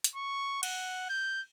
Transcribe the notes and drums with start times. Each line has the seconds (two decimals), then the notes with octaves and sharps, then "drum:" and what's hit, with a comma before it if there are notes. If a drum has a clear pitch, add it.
0.04 drum: hi-hat
0.16 C#6
0.63 F#5, drum: cymbal
1.10 G6